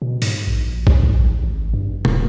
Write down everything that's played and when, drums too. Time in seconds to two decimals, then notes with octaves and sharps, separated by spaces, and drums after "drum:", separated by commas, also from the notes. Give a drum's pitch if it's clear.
0.02 B2
0.22 G#2, drum: open hi-hat
0.47 A#1
0.87 drum: kick A#1
1.03 G#2
1.17 A1
1.44 G#1
1.73 G2
2.05 D1, drum: tom B2